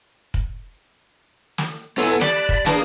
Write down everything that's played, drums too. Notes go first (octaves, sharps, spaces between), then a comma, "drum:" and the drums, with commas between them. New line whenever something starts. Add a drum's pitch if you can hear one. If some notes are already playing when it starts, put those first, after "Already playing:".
drum: kick
drum: snare
E3 F#3 B3 F4 A4 G#5, drum: hi-hat
G3 D5 A5 B5 F#6, drum: snare
drum: kick
D4 G#4 A#4 B4 F5 A5, drum: snare